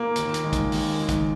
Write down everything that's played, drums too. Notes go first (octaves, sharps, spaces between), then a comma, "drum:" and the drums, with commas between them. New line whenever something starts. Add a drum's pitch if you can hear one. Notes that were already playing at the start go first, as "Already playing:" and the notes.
Already playing: A#3
D#2, drum: hi-hat
drum: hi-hat
D#3 G#3
drum: kick, hi-hat
D#2, drum: open hi-hat
D#3 G#3
drum: kick, hi-hat